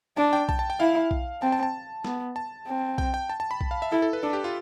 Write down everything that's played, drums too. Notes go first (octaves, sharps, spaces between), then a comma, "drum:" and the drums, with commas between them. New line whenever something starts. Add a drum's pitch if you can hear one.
D4 A5
G5
A5, drum: kick B1
A5
G5
E4 F5
drum: kick B1
C4 A5
A5
A5
B3, drum: snare
A5
C4
G5, drum: kick B1
G5
A5
A5
B5
drum: kick B1
F5
E5
E4 A4
A4
B4
D4 A4
G4
F4